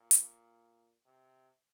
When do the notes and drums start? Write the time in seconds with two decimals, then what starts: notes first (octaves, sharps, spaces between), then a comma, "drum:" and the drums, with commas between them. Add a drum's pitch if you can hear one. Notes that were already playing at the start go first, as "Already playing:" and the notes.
Already playing: A#2
0.11 drum: hi-hat
1.06 C3